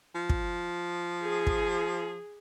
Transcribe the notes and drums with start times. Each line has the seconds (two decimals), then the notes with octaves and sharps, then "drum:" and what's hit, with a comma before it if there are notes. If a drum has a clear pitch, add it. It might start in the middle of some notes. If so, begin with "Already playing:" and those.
0.15 F3
0.30 drum: kick
1.23 G#4
1.47 drum: kick